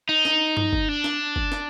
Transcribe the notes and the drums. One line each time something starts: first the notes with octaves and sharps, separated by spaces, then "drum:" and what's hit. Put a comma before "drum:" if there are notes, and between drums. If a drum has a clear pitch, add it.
D#4
drum: snare
drum: tom G2
drum: kick
D4
drum: snare
drum: kick
drum: snare